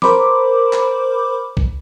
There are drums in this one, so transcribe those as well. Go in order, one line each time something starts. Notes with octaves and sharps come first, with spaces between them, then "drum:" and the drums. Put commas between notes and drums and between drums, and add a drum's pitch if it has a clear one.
A#4 C5 B5 D6, drum: snare
drum: clap
drum: kick B1